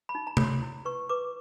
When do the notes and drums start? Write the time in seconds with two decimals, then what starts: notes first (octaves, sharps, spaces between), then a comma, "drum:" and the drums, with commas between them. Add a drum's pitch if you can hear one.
0.09 B5
0.15 D#4
0.27 A#5
0.37 C#5 B5, drum: tom C3
0.44 C6
0.62 E4
0.85 B4 C#6
1.09 B4 D6